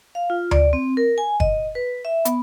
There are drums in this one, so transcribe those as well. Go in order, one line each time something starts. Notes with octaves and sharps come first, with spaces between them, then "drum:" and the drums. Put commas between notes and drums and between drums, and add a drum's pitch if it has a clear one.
F5
F4
D5, drum: tom D2
C4
A#4
G#5
D#5, drum: kick
B4
E5
B3, drum: hi-hat